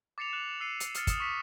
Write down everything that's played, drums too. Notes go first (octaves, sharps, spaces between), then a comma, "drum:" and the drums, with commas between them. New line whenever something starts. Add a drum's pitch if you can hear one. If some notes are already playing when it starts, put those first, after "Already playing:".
D6 A6 C7 C#7 E7 F7
F#6 E7 F#7
E6 F#6 C7 C#7 D#7
drum: hi-hat
D#6 F6 A6 C#7, drum: hi-hat
D#6 C#7 E7, drum: kick, hi-hat
C#6 B6 C#7